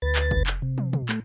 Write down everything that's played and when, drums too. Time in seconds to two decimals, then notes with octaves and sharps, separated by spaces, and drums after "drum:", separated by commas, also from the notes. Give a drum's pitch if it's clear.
0.02 D2 B4 A6
0.16 drum: clap
0.31 drum: kick
0.47 drum: clap
0.62 C3
0.78 drum: tom
0.93 drum: tom
1.09 A3, drum: clap